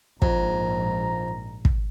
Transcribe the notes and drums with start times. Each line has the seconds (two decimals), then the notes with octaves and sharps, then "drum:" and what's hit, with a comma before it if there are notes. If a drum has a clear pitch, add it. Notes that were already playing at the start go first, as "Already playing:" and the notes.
0.22 A#1 F2 G#2 A#5, drum: kick
1.65 drum: kick